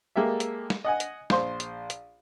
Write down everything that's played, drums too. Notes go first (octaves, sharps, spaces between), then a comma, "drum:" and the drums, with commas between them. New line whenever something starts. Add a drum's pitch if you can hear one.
G#3 A#3 G4 A4 E5
drum: hi-hat
drum: snare
D#5 F#5 G#5
drum: hi-hat
A#1 C5 C6, drum: snare
drum: hi-hat
drum: hi-hat